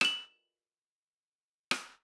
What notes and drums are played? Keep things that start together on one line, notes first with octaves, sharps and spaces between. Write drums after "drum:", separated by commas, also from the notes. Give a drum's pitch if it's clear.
E7 F#7, drum: rim click
drum: rim click